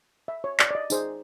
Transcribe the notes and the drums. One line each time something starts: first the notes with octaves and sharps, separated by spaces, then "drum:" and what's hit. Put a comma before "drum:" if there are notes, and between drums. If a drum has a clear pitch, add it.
E5
C#5
D5, drum: clap
D5
D#5
D#4 G#4 C5, drum: tambourine